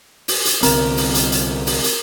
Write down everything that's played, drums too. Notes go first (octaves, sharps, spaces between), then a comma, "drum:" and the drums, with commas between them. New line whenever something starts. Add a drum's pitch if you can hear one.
drum: open hi-hat
drum: hi-hat
C2 D3 C4 A#4, drum: hi-hat
drum: open hi-hat
drum: hi-hat
drum: hi-hat
drum: open hi-hat
drum: hi-hat